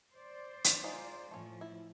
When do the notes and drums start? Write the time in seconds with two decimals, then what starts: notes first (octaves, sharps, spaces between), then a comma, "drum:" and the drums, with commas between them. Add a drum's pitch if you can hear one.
0.14 C5 D5
0.64 drum: hi-hat
0.84 G#3 D#4 F4
1.31 A2 F3 A3 C#4
1.61 E4